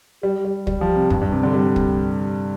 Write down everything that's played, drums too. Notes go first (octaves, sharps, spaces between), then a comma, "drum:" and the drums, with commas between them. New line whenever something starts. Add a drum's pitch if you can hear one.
G3 G4
G3
G3 G4, drum: kick
F3
C3
G2, drum: kick
G2
C3
D3
G3 G4
drum: kick